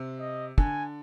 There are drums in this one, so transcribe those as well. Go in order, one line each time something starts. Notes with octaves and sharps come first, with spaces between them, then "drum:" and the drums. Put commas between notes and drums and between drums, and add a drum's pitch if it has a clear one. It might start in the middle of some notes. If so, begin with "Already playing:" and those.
Already playing: C3
D#5
D3 G#5, drum: kick